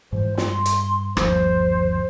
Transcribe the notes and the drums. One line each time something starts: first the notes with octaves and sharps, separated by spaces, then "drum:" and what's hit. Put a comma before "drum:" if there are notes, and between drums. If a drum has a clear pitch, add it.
G#2 E3 G#3 C5
G2 C6, drum: snare
drum: hi-hat
G1 D#2 F3 C5, drum: rim click